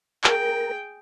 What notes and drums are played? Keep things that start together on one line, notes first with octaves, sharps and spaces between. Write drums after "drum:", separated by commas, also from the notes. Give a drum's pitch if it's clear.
G#4 A#4 G5, drum: clap